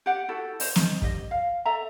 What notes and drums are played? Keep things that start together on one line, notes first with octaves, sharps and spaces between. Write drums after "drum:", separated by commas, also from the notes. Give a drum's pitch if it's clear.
G4 F#5
E4 F#4 G4 A4
C5 D#5, drum: open hi-hat
drum: snare
G4 D#5, drum: kick
F5
A4 E5 A#5